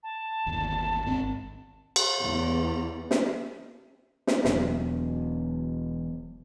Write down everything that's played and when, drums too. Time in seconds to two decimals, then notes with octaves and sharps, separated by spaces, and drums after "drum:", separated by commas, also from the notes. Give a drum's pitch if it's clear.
0.03 A5
0.46 G1 D#2
1.06 G#1 C4
1.96 drum: cymbal
2.21 E2
3.11 drum: snare
4.27 drum: snare
4.45 E1 E2 B2 F#3, drum: snare